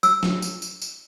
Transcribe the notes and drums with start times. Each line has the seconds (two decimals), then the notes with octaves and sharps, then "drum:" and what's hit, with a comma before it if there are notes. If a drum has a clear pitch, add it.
0.03 E6, drum: tambourine
0.23 drum: snare
0.42 drum: tambourine
0.62 drum: tambourine
0.82 drum: tambourine